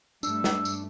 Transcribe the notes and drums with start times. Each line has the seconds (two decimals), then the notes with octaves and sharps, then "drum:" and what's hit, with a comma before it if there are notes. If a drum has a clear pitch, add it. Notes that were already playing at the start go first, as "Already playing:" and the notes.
0.23 G2 G3 A3 D4 E6, drum: tambourine
0.44 drum: snare
0.65 drum: tambourine